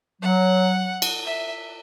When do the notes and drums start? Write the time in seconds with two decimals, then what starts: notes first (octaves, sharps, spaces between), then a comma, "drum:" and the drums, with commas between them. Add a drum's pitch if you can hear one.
0.22 F#3 F#5
1.02 drum: cymbal
1.26 E5